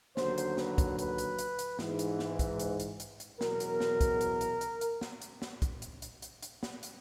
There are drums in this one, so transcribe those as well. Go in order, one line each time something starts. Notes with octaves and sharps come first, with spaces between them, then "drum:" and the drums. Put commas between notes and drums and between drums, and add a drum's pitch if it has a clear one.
D#2 D3 F#3 C5, drum: snare
drum: hi-hat
B4, drum: snare
drum: kick, hi-hat
B4, drum: hi-hat
drum: hi-hat
drum: hi-hat
drum: hi-hat
G#2 E3, drum: snare
drum: hi-hat
drum: snare
drum: kick, hi-hat
drum: hi-hat
drum: hi-hat
drum: hi-hat
drum: hi-hat
E2 B2 F#3 A#4, drum: snare
drum: hi-hat
drum: snare
drum: kick, hi-hat
drum: hi-hat
drum: hi-hat
drum: hi-hat
drum: hi-hat
drum: snare
drum: hi-hat
drum: snare
drum: kick, hi-hat
drum: hi-hat
drum: hi-hat
drum: hi-hat
drum: hi-hat
drum: snare
drum: hi-hat